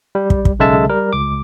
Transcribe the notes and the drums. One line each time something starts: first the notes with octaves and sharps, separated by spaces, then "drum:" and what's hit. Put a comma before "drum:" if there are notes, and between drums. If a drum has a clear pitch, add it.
G3
drum: kick
drum: kick
B1 C#3 G#3 A4 E5 A5
G3 A#4
C#2 D6